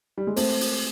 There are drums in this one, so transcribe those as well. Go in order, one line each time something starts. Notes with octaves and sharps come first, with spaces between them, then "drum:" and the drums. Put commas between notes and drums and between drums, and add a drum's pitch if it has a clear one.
G3
G#3
A3 C4, drum: open hi-hat
drum: open hi-hat